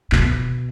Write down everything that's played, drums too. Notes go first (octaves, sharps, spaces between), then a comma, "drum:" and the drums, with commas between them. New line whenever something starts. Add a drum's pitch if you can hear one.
B2, drum: clap